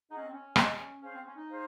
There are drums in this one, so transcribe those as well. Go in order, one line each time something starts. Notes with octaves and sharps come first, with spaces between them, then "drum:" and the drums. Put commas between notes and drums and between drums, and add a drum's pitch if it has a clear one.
D#4 G#4 D#5 F#5
C#4
C4
C#4
G#4 D#5 F#5, drum: rim click
C#4 G#4 C5 F5
C4
C#4
D#4
G#4 C5 F5